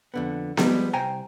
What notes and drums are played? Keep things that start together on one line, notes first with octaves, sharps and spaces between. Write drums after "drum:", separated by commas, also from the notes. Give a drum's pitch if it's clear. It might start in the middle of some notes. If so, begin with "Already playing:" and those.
F2 D3 B3
F3 G3 G#3 B3, drum: snare B3
C2 C5 G5 G#5 A#5